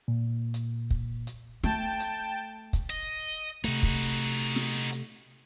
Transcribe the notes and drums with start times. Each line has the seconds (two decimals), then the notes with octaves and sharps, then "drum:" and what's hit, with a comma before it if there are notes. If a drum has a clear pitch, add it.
0.08 A#2
0.54 drum: hi-hat
0.90 drum: kick
1.27 drum: hi-hat
1.64 A3 G5 A5, drum: snare
2.00 drum: hi-hat
2.73 drum: kick, hi-hat
2.90 D#5
3.64 C3 A3 D#4 F#4
3.83 drum: kick
4.56 drum: snare
4.92 drum: hi-hat